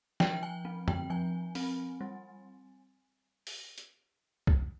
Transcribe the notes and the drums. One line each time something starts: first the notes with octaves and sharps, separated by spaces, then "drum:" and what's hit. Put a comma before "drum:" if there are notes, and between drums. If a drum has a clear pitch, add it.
F3 G5, drum: snare
G#5
C4
G5, drum: tom
F3 G#5
C4, drum: open hi-hat
G3
drum: open hi-hat
drum: hi-hat
drum: kick